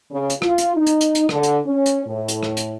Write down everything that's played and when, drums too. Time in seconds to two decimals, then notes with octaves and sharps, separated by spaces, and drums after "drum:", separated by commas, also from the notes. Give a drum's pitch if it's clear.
0.11 C#3
0.30 drum: hi-hat
0.42 F4, drum: rim click
0.58 drum: hi-hat
0.76 D#4
0.86 drum: hi-hat
1.01 drum: hi-hat
1.15 drum: hi-hat
1.29 D3, drum: rim click
1.43 drum: hi-hat
1.66 C#4
1.86 drum: hi-hat
2.07 A2
2.28 drum: hi-hat
2.43 drum: rim click
2.57 drum: hi-hat